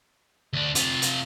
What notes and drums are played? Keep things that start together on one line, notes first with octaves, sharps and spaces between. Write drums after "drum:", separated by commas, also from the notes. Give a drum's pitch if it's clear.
D2 D4
C3 F4, drum: hi-hat
drum: hi-hat